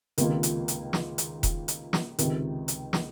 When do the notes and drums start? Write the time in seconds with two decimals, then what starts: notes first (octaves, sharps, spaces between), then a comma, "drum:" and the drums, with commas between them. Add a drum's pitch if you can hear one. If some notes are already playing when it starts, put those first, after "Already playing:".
0.18 C#2 C3 D#3 A#3 F4, drum: hi-hat
0.43 drum: hi-hat
0.68 drum: hi-hat
0.93 drum: snare
1.18 drum: hi-hat
1.43 drum: kick E1, hi-hat
1.68 drum: hi-hat
1.93 drum: snare
2.19 C#2 C3 D#3, drum: hi-hat
2.68 drum: hi-hat
2.93 drum: snare